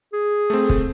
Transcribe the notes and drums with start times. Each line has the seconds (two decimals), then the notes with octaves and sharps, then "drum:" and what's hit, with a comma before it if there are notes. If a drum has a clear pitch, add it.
0.13 G#4
0.50 A3 C4
0.70 drum: kick